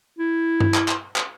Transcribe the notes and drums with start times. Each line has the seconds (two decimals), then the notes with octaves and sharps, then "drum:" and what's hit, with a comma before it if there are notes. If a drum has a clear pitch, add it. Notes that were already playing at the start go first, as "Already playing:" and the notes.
0.19 E4
0.60 drum: tom G2
0.74 drum: clap
0.88 drum: clap
1.16 drum: clap